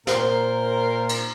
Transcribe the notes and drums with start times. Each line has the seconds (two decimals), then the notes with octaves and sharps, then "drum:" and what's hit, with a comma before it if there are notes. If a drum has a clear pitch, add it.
0.07 A#2 A#4 C5, drum: snare
1.09 drum: cymbal